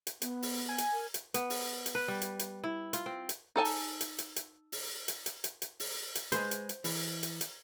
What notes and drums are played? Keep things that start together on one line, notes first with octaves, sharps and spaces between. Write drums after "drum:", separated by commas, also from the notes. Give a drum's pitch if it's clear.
drum: hi-hat
B3, drum: hi-hat
drum: open hi-hat
G#5
drum: hi-hat
A#4
drum: hi-hat
B3, drum: hi-hat
drum: open hi-hat
drum: hi-hat
B4
G3
drum: hi-hat
drum: hi-hat
E4
F4, drum: hi-hat
C4
drum: hi-hat
D#4 A4 G#5 A5
drum: open hi-hat
drum: hi-hat
drum: hi-hat
drum: hi-hat
drum: open hi-hat
drum: hi-hat
drum: hi-hat
drum: hi-hat
drum: hi-hat
drum: open hi-hat
drum: hi-hat
G#3 G#4 B4 C5, drum: hi-hat
drum: hi-hat
drum: hi-hat
E3, drum: open hi-hat
drum: hi-hat
drum: hi-hat